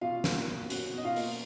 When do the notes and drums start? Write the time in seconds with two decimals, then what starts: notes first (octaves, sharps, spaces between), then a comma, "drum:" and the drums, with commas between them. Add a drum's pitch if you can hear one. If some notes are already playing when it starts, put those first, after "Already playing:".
0.01 B2 F4 F5
0.24 A#3, drum: snare
0.47 B2
0.70 C#4 F#4 F#5, drum: hi-hat
0.93 B2 D#5
1.05 F4 F5
1.16 A#3, drum: open hi-hat